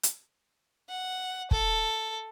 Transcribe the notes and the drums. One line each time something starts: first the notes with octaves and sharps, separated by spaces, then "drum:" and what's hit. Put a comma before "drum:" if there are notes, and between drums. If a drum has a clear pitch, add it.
drum: hi-hat
F#5
A4, drum: kick